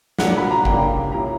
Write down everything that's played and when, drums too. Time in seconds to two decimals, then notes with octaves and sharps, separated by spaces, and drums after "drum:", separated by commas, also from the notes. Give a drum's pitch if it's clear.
0.19 A#2 F#3 A#3 D4 F#5, drum: snare
0.37 B5
0.51 A#5
0.65 C#2 C#3 G3 A#3 D4 G5, drum: kick G#1
1.12 A#2 G3 C#4 E4 A#5